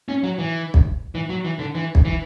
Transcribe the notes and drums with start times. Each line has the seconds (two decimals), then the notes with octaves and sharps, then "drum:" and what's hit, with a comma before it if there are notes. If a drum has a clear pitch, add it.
0.08 C#4
0.23 F#3
0.39 E3
0.74 drum: kick B1
1.15 E3
1.29 F#3
1.45 E3
1.59 D3
1.75 E3
1.95 drum: kick B1
2.05 E3